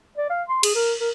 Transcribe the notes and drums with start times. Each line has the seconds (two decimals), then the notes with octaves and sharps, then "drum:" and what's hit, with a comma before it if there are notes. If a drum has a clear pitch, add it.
0.18 D5
0.30 F5
0.49 C6
0.63 G#4, drum: cymbal
0.75 A#4
1.00 A#4